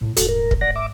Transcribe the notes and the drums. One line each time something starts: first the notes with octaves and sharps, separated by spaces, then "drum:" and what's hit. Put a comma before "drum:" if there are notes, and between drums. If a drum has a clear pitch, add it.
A2 A#3
D#1 G#2 F#4 A4, drum: hi-hat
A#4
drum: kick
G#1 D5 F#5 A#6
E5 D6